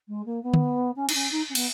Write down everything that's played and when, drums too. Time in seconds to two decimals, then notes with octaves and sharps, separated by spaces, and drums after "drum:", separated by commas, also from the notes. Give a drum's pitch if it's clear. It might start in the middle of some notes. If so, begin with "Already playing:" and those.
0.08 G#3
0.25 A#3
0.43 B3
0.54 drum: tom D3
0.96 C#4
1.09 D#4, drum: cymbal
1.14 C#4
1.31 D#4
1.49 C#4
1.55 B3, drum: cymbal